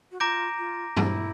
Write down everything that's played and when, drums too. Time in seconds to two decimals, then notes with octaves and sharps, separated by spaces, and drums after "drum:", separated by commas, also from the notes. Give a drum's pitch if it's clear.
0.11 F#4
0.20 F4 A#5 D6 G6 A#6 D7
0.59 F4
0.97 E4, drum: tom G2